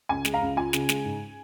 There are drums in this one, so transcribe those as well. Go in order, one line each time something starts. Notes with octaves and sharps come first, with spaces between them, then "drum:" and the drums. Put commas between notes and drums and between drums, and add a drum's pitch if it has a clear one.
C#2 G#5
G#3, drum: snare
F5 A#5
C#2
F4 G#5
C#3, drum: snare
G#3, drum: snare
G#2